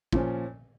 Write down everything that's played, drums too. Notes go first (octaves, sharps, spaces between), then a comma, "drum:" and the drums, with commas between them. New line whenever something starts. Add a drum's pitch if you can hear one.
A#2 F3 C#4, drum: kick